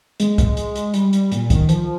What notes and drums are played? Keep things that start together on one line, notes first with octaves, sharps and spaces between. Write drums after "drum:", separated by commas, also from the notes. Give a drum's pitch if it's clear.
G#3, drum: hi-hat
drum: kick, hi-hat
drum: hi-hat
drum: hi-hat
G3, drum: hi-hat
drum: hi-hat
A#2, drum: hi-hat
D#3, drum: kick, hi-hat
F3, drum: hi-hat